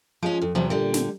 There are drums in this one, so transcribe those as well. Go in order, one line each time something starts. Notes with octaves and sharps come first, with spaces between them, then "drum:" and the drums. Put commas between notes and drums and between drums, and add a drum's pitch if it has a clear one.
F3 G#3 C#4
F2
E2 C3 F3 F#3
A#2 D3 G3
drum: snare